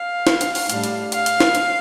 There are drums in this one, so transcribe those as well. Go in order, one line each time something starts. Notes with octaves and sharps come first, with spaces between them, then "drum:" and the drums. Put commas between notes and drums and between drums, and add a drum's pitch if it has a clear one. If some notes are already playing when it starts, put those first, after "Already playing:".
Already playing: F5
drum: snare
drum: hi-hat
drum: open hi-hat
A2 G3 D4, drum: hi-hat
drum: hi-hat
F5, drum: hi-hat
drum: hi-hat
drum: snare
drum: hi-hat